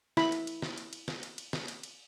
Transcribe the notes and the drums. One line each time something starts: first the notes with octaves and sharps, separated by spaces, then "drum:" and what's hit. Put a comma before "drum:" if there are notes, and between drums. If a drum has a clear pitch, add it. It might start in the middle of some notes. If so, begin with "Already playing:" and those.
E4 B5, drum: snare
drum: cymbal
drum: cymbal
drum: snare
drum: cymbal
drum: cymbal
drum: snare
drum: cymbal
drum: cymbal
drum: snare
drum: cymbal
drum: cymbal